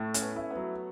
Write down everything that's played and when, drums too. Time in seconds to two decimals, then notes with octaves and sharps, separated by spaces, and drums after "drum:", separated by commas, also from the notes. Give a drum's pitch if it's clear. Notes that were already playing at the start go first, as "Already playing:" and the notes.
Already playing: A2 A3
0.14 C#4, drum: hi-hat
0.22 B3
0.36 E4
0.51 B3
0.57 F#3